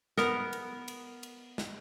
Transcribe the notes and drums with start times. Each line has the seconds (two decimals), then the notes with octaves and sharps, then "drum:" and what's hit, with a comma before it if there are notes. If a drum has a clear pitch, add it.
0.18 B3 A#4, drum: snare
0.53 drum: cymbal
0.88 drum: cymbal
1.23 drum: cymbal
1.58 drum: snare